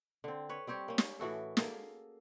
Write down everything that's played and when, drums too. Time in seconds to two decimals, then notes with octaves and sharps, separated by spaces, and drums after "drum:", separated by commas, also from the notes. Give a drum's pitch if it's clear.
0.24 D3 C4
0.49 B4 C#5
0.67 G3 C4 G4 C#5
0.88 A#3 C#4
0.98 drum: snare
1.20 A2 E3 F#4 A4
1.57 A#3 G#4 A4, drum: snare